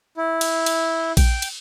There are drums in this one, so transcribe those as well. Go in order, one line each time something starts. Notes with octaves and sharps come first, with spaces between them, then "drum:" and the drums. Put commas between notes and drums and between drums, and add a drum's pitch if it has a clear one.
E4
drum: cymbal
drum: cymbal
G5, drum: kick A#1, cymbal
drum: cymbal